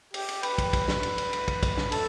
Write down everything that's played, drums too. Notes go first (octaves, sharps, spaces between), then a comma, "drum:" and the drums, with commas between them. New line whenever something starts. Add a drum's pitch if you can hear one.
G4, drum: cymbal
drum: cymbal
B4, drum: cymbal
drum: kick, cymbal
drum: kick, cymbal
drum: snare
drum: cymbal
drum: cymbal
drum: cymbal
drum: kick, cymbal
drum: kick, cymbal
drum: snare
A4, drum: cymbal